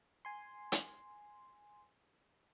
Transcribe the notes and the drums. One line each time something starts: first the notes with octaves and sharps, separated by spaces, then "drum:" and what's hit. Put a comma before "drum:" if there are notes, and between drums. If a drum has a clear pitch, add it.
G#5 C6
drum: hi-hat